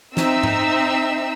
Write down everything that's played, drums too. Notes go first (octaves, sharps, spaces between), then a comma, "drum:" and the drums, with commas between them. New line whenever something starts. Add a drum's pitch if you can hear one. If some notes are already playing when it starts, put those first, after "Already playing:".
C4 D#4 E5 E6, drum: snare
drum: tom G#2